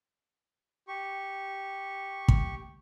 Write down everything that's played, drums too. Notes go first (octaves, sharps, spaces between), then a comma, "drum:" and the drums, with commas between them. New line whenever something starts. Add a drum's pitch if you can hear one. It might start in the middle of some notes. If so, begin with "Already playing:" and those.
G4 C#6
drum: kick